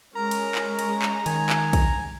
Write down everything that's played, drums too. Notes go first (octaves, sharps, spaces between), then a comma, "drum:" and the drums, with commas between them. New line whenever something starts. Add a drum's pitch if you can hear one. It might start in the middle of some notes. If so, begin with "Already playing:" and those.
G#3 C#4 A#4 A#5
drum: cymbal
drum: clap
drum: cymbal
drum: clap
D#3 G#5, drum: cymbal
drum: clap
drum: kick A#1, cymbal